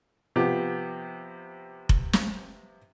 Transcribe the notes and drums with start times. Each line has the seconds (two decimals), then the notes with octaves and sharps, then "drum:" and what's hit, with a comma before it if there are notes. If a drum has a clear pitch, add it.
0.36 C3 F3 B3 G4
1.89 drum: kick F1
2.13 drum: snare